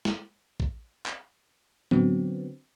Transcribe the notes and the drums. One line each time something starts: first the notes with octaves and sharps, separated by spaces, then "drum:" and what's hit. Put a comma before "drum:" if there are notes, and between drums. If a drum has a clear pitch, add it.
drum: snare
drum: kick
drum: clap
D3 F#3 B3 C4, drum: tom A2